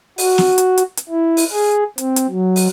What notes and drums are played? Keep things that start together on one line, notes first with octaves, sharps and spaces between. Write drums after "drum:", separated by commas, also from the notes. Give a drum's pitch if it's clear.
F#4, drum: open hi-hat
drum: snare
drum: hi-hat
drum: hi-hat
drum: hi-hat
E4
drum: open hi-hat
G#4
C4, drum: hi-hat
drum: hi-hat
F#3
drum: open hi-hat